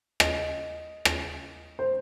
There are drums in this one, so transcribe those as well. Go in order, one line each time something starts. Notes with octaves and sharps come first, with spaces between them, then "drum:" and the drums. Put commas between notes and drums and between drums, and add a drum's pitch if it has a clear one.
D#5, drum: rim click
drum: rim click
C5